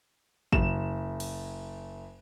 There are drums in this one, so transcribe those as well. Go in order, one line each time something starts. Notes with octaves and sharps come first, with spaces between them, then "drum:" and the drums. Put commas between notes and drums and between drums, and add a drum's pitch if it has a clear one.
F#1 E7, drum: kick
drum: cymbal